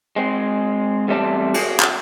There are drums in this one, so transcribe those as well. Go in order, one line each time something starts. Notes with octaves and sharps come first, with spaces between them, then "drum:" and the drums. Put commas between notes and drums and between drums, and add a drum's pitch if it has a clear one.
G#3 C4
E2 C3 G3 A3 D5 A5
F#4 G#4, drum: cymbal
drum: clap